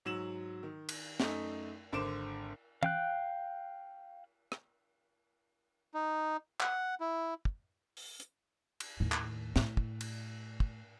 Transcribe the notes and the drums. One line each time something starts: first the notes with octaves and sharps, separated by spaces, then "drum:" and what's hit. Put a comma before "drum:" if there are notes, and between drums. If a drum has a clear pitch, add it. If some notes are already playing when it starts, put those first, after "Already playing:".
G#2 F#3 E6 E7 F#7
D#3
drum: cymbal
F#2 A3 D#4, drum: snare
G#1 D3 C5 D6 D7 E7
F5 G5 F#6, drum: tom
drum: rim click
D#4
F#5, drum: clap
E4
drum: kick
drum: open hi-hat
drum: hi-hat
drum: cymbal
D#2 A2
drum: clap
A2, drum: snare
drum: kick
drum: cymbal
drum: kick